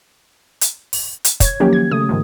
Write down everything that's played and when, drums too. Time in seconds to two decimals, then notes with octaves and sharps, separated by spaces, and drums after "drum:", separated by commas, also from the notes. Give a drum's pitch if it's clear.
0.61 drum: hi-hat
0.93 drum: open hi-hat
1.25 drum: hi-hat
1.40 C#5 G#6, drum: kick, hi-hat
1.60 D#3 F3 F#3 A#3 C#4 G4
1.73 G#6
1.91 C#3 A3 D#6
2.09 G#2 D#3 F3